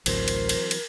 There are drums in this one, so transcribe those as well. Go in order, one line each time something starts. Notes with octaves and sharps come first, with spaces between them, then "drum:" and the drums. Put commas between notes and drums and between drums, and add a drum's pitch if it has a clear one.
A1 D2 E3 F#3 C4 A#4 C5, drum: cymbal
drum: cymbal
drum: cymbal
drum: cymbal